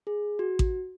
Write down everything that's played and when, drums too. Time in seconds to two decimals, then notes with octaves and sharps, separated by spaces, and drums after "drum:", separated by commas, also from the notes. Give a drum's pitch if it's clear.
0.07 G#4
0.39 F#4
0.59 drum: kick A1